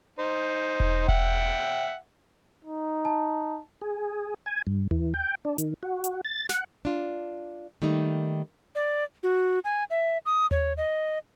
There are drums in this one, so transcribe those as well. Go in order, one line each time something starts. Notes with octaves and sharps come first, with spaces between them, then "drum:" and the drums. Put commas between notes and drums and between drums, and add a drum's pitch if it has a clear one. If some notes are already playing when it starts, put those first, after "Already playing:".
D#4 C5
drum: kick E1
E5 F#5 G5, drum: kick E1
D#4
A5
G#4
G#5
G2
E3, drum: tom D#2
G5
D4
D#3, drum: hi-hat
F#4
drum: hi-hat
A6
F#5, drum: snare
D4 F4
D#3 G3 A3 A#3 D#4
D5
F#4
G#5
E5
D#6
C#5, drum: tom D#2
D#5